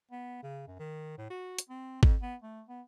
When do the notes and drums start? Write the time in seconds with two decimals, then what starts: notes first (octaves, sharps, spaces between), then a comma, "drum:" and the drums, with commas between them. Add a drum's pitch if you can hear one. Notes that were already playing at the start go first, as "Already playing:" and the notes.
0.11 B3
0.43 C#3
0.67 F#2
0.79 D#3
1.18 A2
1.30 F#4
1.59 drum: hi-hat
1.69 C4
2.03 F2, drum: kick G#1
2.22 B3
2.42 A3
2.69 B3